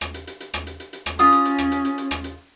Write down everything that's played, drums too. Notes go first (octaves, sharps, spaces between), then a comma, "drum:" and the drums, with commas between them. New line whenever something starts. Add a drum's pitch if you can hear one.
drum: rim click
drum: hi-hat
drum: hi-hat
drum: hi-hat
drum: rim click
drum: hi-hat
drum: hi-hat
drum: hi-hat
drum: rim click
C#4 F4 D#6, drum: hi-hat
drum: hi-hat
drum: hi-hat
drum: rim click
drum: hi-hat
drum: hi-hat
drum: hi-hat
drum: rim click
drum: hi-hat